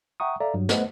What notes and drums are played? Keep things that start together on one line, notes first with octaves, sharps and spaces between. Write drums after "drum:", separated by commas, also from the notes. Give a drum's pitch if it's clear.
E5 F#5 G5 A#5 C#6 D#6
A4 D5 E5 F5 A#5
G2 F#3
A3 B3 B4 C5 D#5 F#5, drum: snare